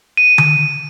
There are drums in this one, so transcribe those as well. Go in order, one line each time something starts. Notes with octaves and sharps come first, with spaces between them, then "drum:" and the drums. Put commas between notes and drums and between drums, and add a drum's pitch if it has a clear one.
D#7
drum: tom D3